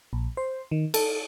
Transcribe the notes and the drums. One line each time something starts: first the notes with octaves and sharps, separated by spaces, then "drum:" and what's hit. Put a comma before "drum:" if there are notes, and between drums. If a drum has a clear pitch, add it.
A#1
C5
D#3
A4, drum: cymbal